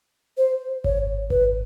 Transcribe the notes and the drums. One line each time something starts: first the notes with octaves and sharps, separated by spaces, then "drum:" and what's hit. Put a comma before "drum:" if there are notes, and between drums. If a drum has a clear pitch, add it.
C5
C#5, drum: kick G#1
B4, drum: kick G#1